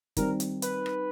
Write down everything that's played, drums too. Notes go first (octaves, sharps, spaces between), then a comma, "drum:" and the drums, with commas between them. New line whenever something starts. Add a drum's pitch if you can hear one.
D#3 G3 C4 A#4, drum: kick, hi-hat
drum: hi-hat
B4, drum: hi-hat
drum: rim click